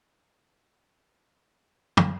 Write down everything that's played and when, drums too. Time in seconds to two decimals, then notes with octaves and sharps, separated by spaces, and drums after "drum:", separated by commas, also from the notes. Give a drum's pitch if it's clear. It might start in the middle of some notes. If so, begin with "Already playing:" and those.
0.11 D#3 A#3
1.97 drum: tom